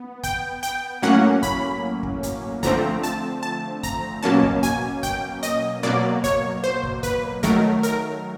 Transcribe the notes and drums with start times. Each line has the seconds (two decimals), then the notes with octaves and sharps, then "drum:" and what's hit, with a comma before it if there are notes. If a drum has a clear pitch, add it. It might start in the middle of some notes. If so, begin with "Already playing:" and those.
Already playing: B3
0.24 G5, drum: kick, hi-hat
0.63 G5, drum: hi-hat
1.02 A2 F#3 A#3 C#4 F#5
1.43 B5, drum: kick, hi-hat
2.03 drum: kick
2.23 drum: kick, hi-hat
2.63 D3 F3 A3 C4 A#5, drum: kick, hi-hat
3.03 A5, drum: hi-hat
3.43 A5
3.83 A#5, drum: kick, hi-hat
4.23 B2 F#3 A#3 C#4 A5
4.43 drum: kick
4.63 G#5, drum: kick, hi-hat
5.03 G5, drum: kick, hi-hat
5.43 D#5, drum: hi-hat
5.83 B2 F#3 A#3 D5
6.24 C#5, drum: kick, hi-hat
6.64 C5
6.83 drum: kick
7.03 B4, drum: kick, hi-hat
7.43 D#3 F#3 A3 A#4, drum: kick, hi-hat
7.83 A#4, drum: hi-hat